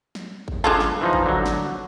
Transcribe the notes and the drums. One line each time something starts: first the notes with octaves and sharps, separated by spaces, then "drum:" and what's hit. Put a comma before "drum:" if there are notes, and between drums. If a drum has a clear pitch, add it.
drum: snare
drum: kick
D4 F4 G#4 A4 A5
drum: snare
E3 F3 D#4
drum: kick
D3 F#3
drum: snare